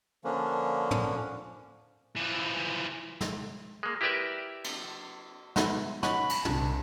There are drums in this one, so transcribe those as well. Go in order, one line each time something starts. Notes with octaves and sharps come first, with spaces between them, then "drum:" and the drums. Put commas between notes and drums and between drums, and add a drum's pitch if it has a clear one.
D3 F3 A#3 C#4 D4
drum: tom
E3 F3
drum: snare
G#3 A#3
E4 G4 A#4 B4 D5 E5
drum: cymbal
F#3 B3 E4, drum: snare
C#4 D#4 F#4 B5, drum: snare
drum: cymbal
C2 C3 C4 D4, drum: tom